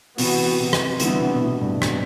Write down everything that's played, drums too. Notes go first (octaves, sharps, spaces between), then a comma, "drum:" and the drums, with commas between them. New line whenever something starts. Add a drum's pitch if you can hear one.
C3 E3 B3 F#4, drum: open hi-hat
C3
drum: rim click
D3 E3 G3 B3 E4, drum: hi-hat
C3
B2
A2
G2
drum: rim click